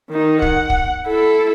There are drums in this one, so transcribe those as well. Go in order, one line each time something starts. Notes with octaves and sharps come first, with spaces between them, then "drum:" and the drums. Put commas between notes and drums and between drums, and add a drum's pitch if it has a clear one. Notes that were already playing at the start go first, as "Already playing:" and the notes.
D#3 D#4
F#5, drum: kick
drum: kick
E4 A4